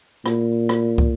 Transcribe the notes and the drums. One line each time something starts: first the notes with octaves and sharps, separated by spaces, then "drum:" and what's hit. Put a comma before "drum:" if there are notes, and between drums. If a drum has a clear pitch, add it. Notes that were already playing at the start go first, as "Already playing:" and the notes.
A#2, drum: rim click
drum: rim click
drum: kick